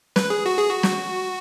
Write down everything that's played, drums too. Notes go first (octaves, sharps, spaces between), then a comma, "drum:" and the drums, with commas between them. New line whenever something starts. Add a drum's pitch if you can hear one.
B4, drum: snare
G#4
F#4
G#4
F#4
drum: snare